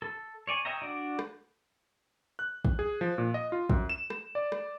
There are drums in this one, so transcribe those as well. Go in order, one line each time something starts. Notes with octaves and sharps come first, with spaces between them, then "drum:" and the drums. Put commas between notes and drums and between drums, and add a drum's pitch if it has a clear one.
A4
C#5 D5 G#5
C#5 D#5 E5 G5 A#5
D4 F#4 D5
drum: rim click
F#6
drum: kick
G#4
F3
A#2
D#5
F4
F#2, drum: kick
E7
drum: rim click
D5
drum: rim click